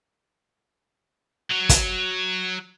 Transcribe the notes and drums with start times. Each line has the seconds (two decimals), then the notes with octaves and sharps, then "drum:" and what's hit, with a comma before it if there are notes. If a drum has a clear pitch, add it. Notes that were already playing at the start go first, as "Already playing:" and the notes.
1.50 F#3
1.69 drum: kick, hi-hat